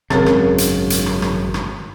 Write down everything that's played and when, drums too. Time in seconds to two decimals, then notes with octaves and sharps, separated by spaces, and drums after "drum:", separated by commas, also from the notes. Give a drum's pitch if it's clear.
0.10 G#1 F#2 C#3 C4 G#4 A#4, drum: rim click
0.26 drum: rim click
0.58 drum: hi-hat
0.90 drum: hi-hat
1.06 drum: rim click
1.22 drum: rim click
1.54 drum: rim click